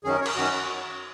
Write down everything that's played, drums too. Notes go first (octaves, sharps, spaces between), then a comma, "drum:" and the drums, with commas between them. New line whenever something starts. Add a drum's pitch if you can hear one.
F#2 D#3 F#3 C#4 G#4
A#4
C#5
A#4, drum: cymbal
F#2 D#3 F#3 C#4 F#4